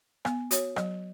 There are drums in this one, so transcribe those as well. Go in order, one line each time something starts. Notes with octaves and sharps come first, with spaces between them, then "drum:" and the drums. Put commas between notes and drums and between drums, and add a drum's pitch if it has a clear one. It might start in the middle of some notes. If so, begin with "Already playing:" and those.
B3, drum: rim click
F#4 C#5, drum: hi-hat
F#3, drum: rim click